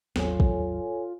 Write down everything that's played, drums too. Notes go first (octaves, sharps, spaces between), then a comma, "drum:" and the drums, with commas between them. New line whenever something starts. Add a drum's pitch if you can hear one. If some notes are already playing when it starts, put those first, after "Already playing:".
G#1 D#2 F#3 F4 A4 C#5 G#5, drum: snare B3
drum: kick